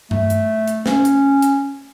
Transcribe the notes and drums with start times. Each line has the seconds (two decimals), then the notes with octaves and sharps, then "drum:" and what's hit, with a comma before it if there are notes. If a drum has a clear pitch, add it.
0.11 A3, drum: tom G2
0.30 drum: hi-hat
0.68 drum: hi-hat
0.86 C#4, drum: snare
1.05 drum: hi-hat
1.42 drum: hi-hat